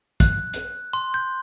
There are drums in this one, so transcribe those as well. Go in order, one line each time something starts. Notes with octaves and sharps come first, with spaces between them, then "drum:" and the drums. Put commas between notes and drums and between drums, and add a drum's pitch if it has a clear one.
F#6, drum: kick, hi-hat
drum: hi-hat
C6
G6